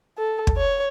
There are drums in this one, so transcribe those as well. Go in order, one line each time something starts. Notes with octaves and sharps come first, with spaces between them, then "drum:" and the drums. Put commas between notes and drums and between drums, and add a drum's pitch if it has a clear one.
A4
drum: kick
C#5